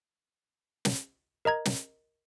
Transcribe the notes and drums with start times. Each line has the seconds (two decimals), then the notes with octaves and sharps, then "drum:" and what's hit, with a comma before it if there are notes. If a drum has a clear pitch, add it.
0.85 drum: snare
1.45 A#4 D#5 A#5 G#6
1.65 drum: snare